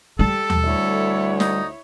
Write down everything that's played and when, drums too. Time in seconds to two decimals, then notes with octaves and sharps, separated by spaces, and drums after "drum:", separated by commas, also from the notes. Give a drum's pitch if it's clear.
0.19 G3 G4 A4 A5
0.50 drum: tom D#2
0.65 D2 E4 C#5
1.40 D#4, drum: snare